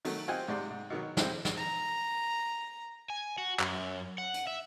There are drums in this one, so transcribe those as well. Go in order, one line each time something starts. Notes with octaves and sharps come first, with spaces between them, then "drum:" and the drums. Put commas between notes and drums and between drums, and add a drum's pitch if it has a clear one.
D#3 F#3 A3, drum: open hi-hat
C4 F4 G4 D#5 F#5 G#5
G#2 C3 D5 C6
G#2
B2 D#3 F#3
C4 E4 G4, drum: snare
drum: snare
A#5
G#5
F#4
F#2, drum: clap
F#5
drum: hi-hat
E5